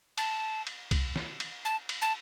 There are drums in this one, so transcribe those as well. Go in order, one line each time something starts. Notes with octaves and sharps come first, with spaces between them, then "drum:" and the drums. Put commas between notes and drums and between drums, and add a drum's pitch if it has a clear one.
A5, drum: cymbal
drum: cymbal
drum: kick, cymbal
drum: snare
drum: cymbal
A5
drum: cymbal
A5